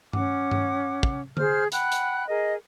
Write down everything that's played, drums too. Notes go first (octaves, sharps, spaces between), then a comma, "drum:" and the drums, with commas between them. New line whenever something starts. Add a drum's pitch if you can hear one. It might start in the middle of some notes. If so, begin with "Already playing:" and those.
C#4 F#5 D6, drum: tom G2
drum: tom G2
drum: kick
G#4 C5 F6, drum: tom D3
F#5 G5 B5 F#6, drum: hi-hat
drum: hi-hat
G#4 A#4 D#5